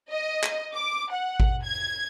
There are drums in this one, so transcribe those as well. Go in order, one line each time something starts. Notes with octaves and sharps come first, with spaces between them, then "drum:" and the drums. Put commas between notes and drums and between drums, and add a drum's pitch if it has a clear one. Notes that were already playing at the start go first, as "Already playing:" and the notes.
D#5
drum: clap
D6
F#5
drum: kick G#1
G#6